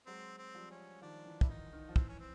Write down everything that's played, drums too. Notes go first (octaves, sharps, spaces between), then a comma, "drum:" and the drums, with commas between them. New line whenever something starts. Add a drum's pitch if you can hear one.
F#3 G#3 C4
C4
F3 G3
C#4
D#3 F3 D4
E3
E4, drum: kick
D#3 D#4
D#3
F3
E3 C4, drum: kick
C#4
C4